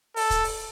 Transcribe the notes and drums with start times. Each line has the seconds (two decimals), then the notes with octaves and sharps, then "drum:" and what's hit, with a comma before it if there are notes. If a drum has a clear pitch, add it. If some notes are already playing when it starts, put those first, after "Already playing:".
0.16 A4, drum: open hi-hat
0.30 drum: kick, hi-hat
0.44 drum: open hi-hat